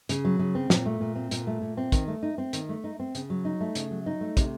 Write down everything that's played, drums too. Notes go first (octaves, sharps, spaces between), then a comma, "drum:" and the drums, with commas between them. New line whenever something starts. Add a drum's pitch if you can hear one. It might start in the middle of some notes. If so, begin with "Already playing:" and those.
C#3, drum: hi-hat
F#3
C#3
C4
A#2, drum: snare
A3
A#2
C4
A#2, drum: hi-hat
A3
A#2
C4
D#3, drum: kick, hi-hat
A3
D#4
C4
D#3, drum: hi-hat
A3
D#4
C4
C#3, drum: hi-hat
F#3
D#4
A3
C#3, drum: hi-hat
F#3
D#4
A3
C3, drum: kick, hi-hat